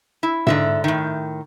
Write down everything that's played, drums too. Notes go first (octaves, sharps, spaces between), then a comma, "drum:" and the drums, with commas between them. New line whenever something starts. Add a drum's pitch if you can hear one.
E4
G#2 D3 E5, drum: tom G#2
A2 D#3